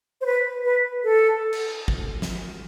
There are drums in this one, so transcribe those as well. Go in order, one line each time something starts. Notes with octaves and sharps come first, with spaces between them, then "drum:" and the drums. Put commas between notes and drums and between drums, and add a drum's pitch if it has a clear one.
C5
B4
B4
A4
drum: cymbal
drum: kick
drum: snare